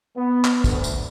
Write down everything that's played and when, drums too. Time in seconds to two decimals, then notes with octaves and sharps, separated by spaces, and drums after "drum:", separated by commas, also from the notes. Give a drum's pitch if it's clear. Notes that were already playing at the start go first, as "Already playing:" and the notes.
0.16 B3
0.45 drum: clap
0.64 D2, drum: kick, tambourine
0.84 drum: tambourine